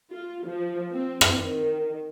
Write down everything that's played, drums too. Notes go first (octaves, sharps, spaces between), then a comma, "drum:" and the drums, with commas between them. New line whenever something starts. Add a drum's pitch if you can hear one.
F4
F3
C4
drum: rim click
D#3